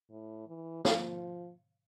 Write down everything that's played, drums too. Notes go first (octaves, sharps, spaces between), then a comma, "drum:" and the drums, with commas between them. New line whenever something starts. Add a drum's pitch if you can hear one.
A2
E3
F3, drum: snare